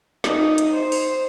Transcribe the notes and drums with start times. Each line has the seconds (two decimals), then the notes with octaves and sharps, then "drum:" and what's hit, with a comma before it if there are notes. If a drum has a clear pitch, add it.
0.24 D#4, drum: snare
0.58 drum: hi-hat
0.73 C5
0.92 drum: open hi-hat